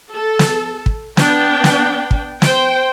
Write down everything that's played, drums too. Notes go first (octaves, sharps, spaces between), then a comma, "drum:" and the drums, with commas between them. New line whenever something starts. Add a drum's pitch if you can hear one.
A4
drum: snare
drum: kick
B3 D4 G5, drum: snare
drum: snare
drum: kick
C5 G5, drum: snare